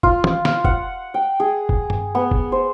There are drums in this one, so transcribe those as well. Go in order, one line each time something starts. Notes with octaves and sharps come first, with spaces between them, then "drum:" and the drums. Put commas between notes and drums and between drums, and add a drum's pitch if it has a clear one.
F4, drum: kick F1
drum: tom
F5, drum: snare
F#5, drum: kick F1
G5
G#4
drum: kick F1
drum: tom G2
B3
drum: kick F1
C5